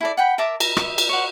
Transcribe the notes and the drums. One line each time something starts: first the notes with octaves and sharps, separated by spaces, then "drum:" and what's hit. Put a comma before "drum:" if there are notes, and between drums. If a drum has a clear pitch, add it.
E4 A4 D5
F#5 G5 B5
A#4 E5 A5 D6
A#5, drum: cymbal
D#5 E5, drum: rim click
drum: cymbal
C#5 F#5